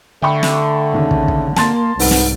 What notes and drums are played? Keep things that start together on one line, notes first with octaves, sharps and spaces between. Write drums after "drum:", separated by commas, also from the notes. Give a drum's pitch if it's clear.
D3 A3 G5 B5 C#6
drum: snare
D#2 C#3
drum: kick
drum: kick
A#3 A5 C6 A6, drum: snare
C2 G#2 B3, drum: open hi-hat
drum: snare